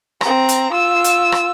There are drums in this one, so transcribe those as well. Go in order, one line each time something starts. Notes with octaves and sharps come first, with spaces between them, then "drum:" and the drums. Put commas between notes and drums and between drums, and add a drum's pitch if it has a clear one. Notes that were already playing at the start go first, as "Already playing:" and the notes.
C4 A#5, drum: rim click
drum: hi-hat
F4 E6
drum: hi-hat
drum: rim click